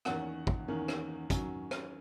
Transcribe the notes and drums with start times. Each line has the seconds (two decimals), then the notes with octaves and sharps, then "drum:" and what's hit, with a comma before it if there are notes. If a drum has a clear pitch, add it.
0.05 E2 D#3 A#3 C#4 F#5, drum: rim click
0.47 drum: kick
0.68 E2 D#3 A#3 C#4
0.88 drum: rim click
1.30 D#3 F#3 C#4, drum: kick, hi-hat
1.71 drum: rim click